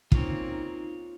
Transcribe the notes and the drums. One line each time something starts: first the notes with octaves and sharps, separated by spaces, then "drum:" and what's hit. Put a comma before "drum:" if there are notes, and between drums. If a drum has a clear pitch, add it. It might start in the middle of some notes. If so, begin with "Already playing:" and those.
A#3 C4 C#4 D#4 F4 C#5, drum: kick